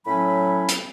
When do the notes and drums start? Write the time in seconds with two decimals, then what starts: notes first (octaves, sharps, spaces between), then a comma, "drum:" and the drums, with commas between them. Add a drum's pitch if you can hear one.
0.06 A2 F#3 C#4 B5
0.68 drum: hi-hat